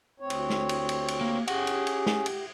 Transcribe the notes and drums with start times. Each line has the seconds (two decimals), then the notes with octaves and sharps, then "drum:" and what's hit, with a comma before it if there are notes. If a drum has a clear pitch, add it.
0.20 D2 C4 C#5
0.30 drum: cymbal
0.50 drum: snare
0.69 drum: cymbal
0.89 drum: cymbal
1.08 drum: cymbal
1.21 A#3
1.48 C#4 G4 G#4 F#5, drum: cymbal
1.67 drum: cymbal
1.87 drum: cymbal
2.06 drum: snare
2.26 drum: cymbal